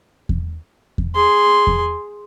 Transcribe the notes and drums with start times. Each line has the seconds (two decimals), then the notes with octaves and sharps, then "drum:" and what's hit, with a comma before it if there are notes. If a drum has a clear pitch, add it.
0.29 drum: kick E2
0.98 drum: kick E2
1.15 G#4 C6
1.67 drum: kick E2